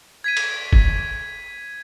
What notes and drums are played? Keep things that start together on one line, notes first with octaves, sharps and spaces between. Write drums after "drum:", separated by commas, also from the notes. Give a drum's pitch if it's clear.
G#6 B6 D#7
drum: cymbal
drum: kick F1